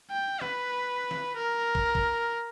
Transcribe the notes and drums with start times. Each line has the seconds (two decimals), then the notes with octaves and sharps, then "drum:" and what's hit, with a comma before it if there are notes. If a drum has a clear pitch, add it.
0.11 G5
0.41 B4, drum: rim click
1.11 drum: snare
1.36 A#4
1.75 drum: kick
1.95 drum: kick